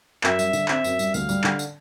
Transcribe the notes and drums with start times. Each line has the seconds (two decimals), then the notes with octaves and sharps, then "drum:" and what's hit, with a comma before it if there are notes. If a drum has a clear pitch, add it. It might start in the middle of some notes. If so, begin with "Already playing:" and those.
0.24 F#2 E5, drum: clap
0.39 G3, drum: tambourine
0.53 D3, drum: tambourine
0.68 C4 E5, drum: clap
0.84 F#2, drum: tambourine
0.99 G3, drum: tambourine
1.14 D2 F5, drum: tambourine
1.29 G3, drum: tambourine
1.44 D3, drum: clap
1.59 drum: tambourine